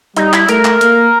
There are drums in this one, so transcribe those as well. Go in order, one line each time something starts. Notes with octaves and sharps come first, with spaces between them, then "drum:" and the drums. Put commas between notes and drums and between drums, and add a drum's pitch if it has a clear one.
G3 D#4, drum: hi-hat
E4, drum: clap
A3 A#4, drum: hi-hat
drum: clap
A#3, drum: hi-hat